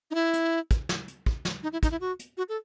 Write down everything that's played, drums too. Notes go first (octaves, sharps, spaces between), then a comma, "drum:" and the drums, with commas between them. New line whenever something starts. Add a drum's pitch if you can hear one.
D#4
E4
drum: hi-hat
drum: kick, hi-hat
drum: snare
drum: hi-hat
drum: kick
drum: snare
D#4
E4
D#4, drum: kick, hi-hat
E4
F#4
drum: hi-hat
F#4
A4